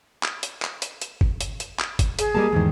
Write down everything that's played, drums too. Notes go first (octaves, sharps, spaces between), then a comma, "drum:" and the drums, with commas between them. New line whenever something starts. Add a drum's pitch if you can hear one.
drum: clap
drum: hi-hat
drum: clap
drum: hi-hat
drum: hi-hat
drum: kick G1
drum: hi-hat
drum: hi-hat
drum: clap
drum: kick G1, hi-hat
G#4, drum: hi-hat
G3 A#3 D#5 A5
E2 G#2 D#3 E3